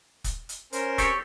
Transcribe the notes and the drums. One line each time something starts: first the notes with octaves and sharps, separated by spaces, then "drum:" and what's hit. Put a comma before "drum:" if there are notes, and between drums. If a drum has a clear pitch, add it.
drum: kick, hi-hat
drum: hi-hat
C#4 A#4 C5, drum: hi-hat
C4 G4 A4 C#5, drum: kick, hi-hat